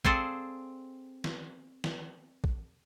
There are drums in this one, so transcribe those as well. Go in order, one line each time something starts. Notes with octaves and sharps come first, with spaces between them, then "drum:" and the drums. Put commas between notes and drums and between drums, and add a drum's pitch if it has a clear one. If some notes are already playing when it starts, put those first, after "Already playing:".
C4 G#4 A4 C5 D5 F5, drum: kick
drum: snare
drum: snare
drum: kick